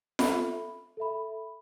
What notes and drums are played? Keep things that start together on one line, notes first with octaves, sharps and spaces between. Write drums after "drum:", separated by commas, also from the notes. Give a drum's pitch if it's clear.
A4 E5 B5, drum: snare F4
A4 E5 B5